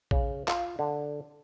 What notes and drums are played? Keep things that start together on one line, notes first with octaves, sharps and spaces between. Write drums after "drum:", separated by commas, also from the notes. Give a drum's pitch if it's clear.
C#3, drum: kick
F4, drum: clap
D3